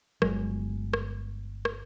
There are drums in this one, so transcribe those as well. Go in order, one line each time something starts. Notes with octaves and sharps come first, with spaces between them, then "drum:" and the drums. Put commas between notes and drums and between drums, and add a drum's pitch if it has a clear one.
G1 F#3 G#3, drum: rim click
drum: rim click
drum: rim click